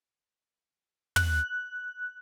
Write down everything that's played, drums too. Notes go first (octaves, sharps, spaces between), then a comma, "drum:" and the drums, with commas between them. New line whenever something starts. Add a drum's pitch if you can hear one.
F#6, drum: tom